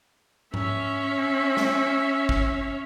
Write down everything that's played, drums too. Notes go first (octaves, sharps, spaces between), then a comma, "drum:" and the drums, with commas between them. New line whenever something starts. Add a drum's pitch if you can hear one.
C#4 E5, drum: tom G#2
drum: snare
drum: kick G#1